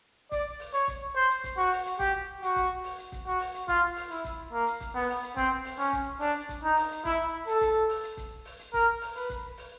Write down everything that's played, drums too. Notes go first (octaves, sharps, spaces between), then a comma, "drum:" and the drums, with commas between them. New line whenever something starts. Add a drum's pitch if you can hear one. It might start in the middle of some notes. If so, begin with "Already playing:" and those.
D5, drum: kick, hi-hat
drum: open hi-hat
C#5, drum: hi-hat
drum: kick, hi-hat
C5
drum: hi-hat
drum: kick, hi-hat
F#4
drum: open hi-hat
drum: hi-hat
G4, drum: kick, hi-hat
F#4, drum: hi-hat
drum: kick, hi-hat
drum: open hi-hat
drum: hi-hat
drum: kick, hi-hat
F#4
drum: open hi-hat
drum: hi-hat
F4, drum: kick, hi-hat
drum: open hi-hat
E4, drum: hi-hat
drum: kick, hi-hat
A#3
drum: hi-hat
drum: kick, hi-hat
B3
drum: open hi-hat
drum: hi-hat
C4, drum: kick, hi-hat
drum: open hi-hat
C#4, drum: hi-hat
drum: kick, hi-hat
D4, drum: open hi-hat
drum: kick, hi-hat
D#4
drum: open hi-hat
drum: hi-hat
E4, drum: kick, hi-hat
A4, drum: hi-hat
drum: kick, hi-hat
drum: open hi-hat
drum: hi-hat
drum: kick, hi-hat
drum: open hi-hat
drum: hi-hat
A#4, drum: kick, hi-hat
drum: open hi-hat
B4, drum: hi-hat
drum: kick, hi-hat
drum: open hi-hat